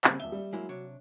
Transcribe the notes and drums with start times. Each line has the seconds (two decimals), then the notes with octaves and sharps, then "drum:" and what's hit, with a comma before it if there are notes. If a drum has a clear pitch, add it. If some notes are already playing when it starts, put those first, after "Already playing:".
0.04 B1 C#3 G3 A#3 C4, drum: clap
0.20 D#1 E5 G7
0.32 G3
0.53 F#3 G#3 A#3 E4
0.69 C3 D4 C#5